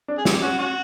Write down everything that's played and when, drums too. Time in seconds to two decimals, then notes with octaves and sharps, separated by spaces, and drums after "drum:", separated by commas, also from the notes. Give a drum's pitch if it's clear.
0.08 D4
0.18 G#4
0.25 C#4 G4, drum: snare
0.39 G4
0.42 C#4 F#4
0.59 C#4 F#4